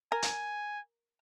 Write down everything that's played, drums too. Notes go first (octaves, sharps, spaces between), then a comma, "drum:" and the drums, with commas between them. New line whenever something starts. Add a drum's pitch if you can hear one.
A#4 G#5
drum: hi-hat